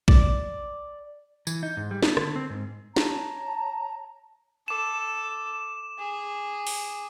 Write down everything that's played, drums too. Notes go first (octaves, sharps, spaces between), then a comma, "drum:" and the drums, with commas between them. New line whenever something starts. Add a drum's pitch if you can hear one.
D5, drum: kick A#1
E3, drum: tambourine
D#4
G#2
G3
B3, drum: snare
D3, drum: rim click
C4
G#2
C#5 A5 A#5, drum: snare
A4 D6 E7
G#4
drum: open hi-hat